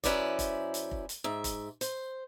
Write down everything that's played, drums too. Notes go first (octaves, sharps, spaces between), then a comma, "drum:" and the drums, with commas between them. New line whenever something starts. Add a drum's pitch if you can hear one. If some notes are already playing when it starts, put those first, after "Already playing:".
F#2 C#4 E4 B4 C5 D5, drum: kick F1, hi-hat
drum: kick F1, hi-hat
drum: hi-hat
drum: kick F1
drum: hi-hat
G#2 E5
drum: kick F1, hi-hat
C5, drum: hi-hat